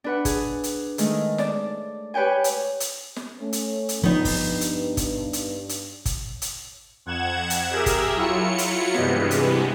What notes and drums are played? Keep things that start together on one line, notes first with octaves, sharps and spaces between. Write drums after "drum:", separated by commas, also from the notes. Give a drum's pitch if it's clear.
D4 B4 F#5
G#4, drum: kick, hi-hat
drum: hi-hat
D#3 G#3 A3, drum: hi-hat
D5 A5, drum: snare
G4 B4 C#5 G5 G#5
drum: hi-hat
drum: hi-hat
drum: snare
A3 C#4
drum: hi-hat
drum: hi-hat
G2 F3 B3 D#4
drum: kick, open hi-hat
drum: hi-hat
drum: kick, hi-hat
drum: hi-hat
drum: hi-hat
drum: kick, hi-hat
drum: hi-hat
F2 F#5 G#6 E7
drum: hi-hat
G4 G#4 A#4 E5
drum: kick, hi-hat
F#3 E4 F4 C#7
drum: hi-hat
G2 C3 E3 G3 G#3 B3, drum: snare
drum: hi-hat